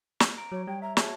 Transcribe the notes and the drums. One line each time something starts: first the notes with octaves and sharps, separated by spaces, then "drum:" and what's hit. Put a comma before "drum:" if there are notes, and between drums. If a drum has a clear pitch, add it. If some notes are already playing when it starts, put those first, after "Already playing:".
drum: snare
A#5 D7
F#3 C#5
G3 C#5 G5
E5 A#5
F#4 G#4 C#5 A5, drum: snare